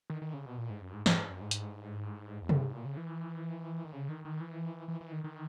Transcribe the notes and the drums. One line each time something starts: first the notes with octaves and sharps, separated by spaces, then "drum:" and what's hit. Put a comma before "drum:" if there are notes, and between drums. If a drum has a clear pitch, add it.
D#3
D#3
C#3
B2
A#2
G#2
F#2
G#2
G#2, drum: snare
G#2
F#2
G#2
drum: hi-hat
E2
F#2, drum: tom C3
G#2
A#2
C#3
E3
D#3
C#3
D#3
D#3
E3
E3
E3
D#3
D#3